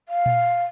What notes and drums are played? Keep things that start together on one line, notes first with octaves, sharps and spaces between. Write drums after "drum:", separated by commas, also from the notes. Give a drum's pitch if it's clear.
F5
drum: tom A#2